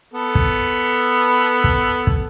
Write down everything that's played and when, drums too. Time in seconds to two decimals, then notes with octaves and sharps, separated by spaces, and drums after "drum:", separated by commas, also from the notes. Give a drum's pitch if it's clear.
0.14 B3 A4
0.35 drum: kick
1.64 drum: kick
2.07 drum: kick